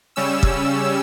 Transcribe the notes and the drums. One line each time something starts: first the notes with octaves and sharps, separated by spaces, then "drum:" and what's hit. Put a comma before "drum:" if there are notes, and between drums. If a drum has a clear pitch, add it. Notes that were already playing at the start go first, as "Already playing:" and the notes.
C#3 G3 C#4 E6
drum: kick